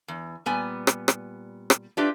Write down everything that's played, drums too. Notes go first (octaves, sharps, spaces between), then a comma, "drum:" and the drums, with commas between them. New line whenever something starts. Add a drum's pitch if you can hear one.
E2
A#2 G3 B3 G#5
drum: rim click
drum: rim click
drum: rim click
D4 F4 G4 B4 E5